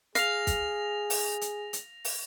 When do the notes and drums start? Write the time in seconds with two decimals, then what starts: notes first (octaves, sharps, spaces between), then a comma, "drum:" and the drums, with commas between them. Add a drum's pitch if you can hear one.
0.15 G#4 F5 A#6 F7, drum: hi-hat
0.47 drum: kick, hi-hat
1.10 drum: open hi-hat
1.41 drum: hi-hat
1.73 drum: hi-hat
2.05 drum: open hi-hat